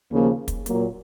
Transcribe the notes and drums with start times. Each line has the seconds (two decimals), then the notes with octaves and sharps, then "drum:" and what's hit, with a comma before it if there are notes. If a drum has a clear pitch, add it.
0.11 D#2 C#3 F3 A#3
0.48 drum: kick, hi-hat
0.66 A#2 F#3 A#3, drum: hi-hat